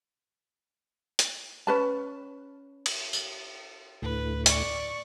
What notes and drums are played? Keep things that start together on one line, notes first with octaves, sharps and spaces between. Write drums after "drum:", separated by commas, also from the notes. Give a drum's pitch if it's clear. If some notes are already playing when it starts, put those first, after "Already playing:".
drum: hi-hat
C#4 B4 A5
drum: cymbal
drum: tambourine
D2 A2 B4
D5 C#6, drum: hi-hat